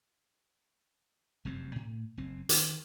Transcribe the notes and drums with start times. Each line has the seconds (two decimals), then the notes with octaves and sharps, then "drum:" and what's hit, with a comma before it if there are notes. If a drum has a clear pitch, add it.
1.45 F1 F#2 G3 C4
1.76 A2
2.17 F#1 C4
2.49 D#3, drum: hi-hat